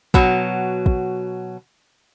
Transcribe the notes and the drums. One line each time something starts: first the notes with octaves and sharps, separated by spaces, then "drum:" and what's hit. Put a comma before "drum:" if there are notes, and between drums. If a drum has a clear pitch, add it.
B2 F#3, drum: kick
drum: kick